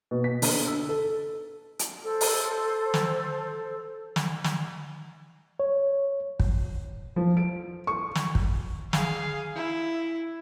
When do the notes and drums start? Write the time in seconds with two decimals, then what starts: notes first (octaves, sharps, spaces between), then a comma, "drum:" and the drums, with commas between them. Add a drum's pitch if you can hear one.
0.11 B2
0.24 B6
0.42 D3, drum: open hi-hat
0.67 E6
0.89 A4
1.79 drum: hi-hat
2.04 A4 C5
2.21 drum: open hi-hat
2.94 drum: snare
4.16 drum: snare
4.44 drum: snare
5.60 C#5
6.40 drum: kick
7.16 F3
7.37 D7
7.87 C#6
8.15 drum: snare
8.35 drum: kick
8.93 G#4 F5, drum: snare
9.56 E4